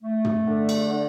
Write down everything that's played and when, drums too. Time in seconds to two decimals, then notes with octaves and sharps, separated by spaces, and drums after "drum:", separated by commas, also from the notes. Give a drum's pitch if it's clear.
0.02 A3
0.24 drum: tom
0.47 D3
0.69 drum: cymbal
0.91 D3